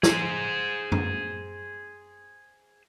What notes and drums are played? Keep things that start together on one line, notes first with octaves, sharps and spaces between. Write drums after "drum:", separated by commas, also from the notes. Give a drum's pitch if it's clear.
G#4 C5, drum: snare
drum: tom F#2